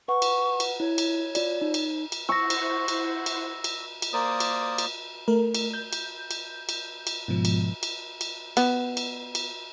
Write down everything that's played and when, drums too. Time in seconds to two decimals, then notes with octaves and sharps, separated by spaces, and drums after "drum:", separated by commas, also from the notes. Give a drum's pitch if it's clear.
0.08 B4 F#5 C#6
0.22 drum: cymbal
0.60 drum: cymbal
0.80 E4 C#5
0.98 drum: cymbal
1.35 F4 D5, drum: cymbal
1.61 D#4
1.74 drum: cymbal
2.12 drum: cymbal
2.29 E4 C5 F#5 C#6 E6 A#6
2.50 drum: cymbal
2.88 drum: cymbal
3.26 drum: cymbal
3.64 drum: cymbal
4.02 drum: cymbal
4.13 A#3 A#4 C5 D5 D#6
4.40 drum: cymbal
4.78 drum: cymbal
5.28 A3 A#4
5.55 drum: cymbal
5.74 G6
5.93 drum: cymbal
6.31 drum: cymbal
6.69 drum: cymbal
7.07 drum: cymbal
7.28 G#2 B2 F3
7.45 drum: cymbal
7.83 drum: cymbal
8.21 drum: cymbal
8.57 B3, drum: cymbal
8.97 drum: cymbal
9.35 drum: cymbal